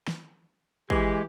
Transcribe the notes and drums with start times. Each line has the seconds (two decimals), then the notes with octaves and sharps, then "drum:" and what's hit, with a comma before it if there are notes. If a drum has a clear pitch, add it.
0.08 drum: snare
0.90 E3 G#3 G4, drum: kick